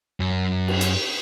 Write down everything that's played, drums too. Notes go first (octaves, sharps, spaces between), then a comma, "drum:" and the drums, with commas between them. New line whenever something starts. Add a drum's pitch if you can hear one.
F#2
drum: cymbal
drum: hi-hat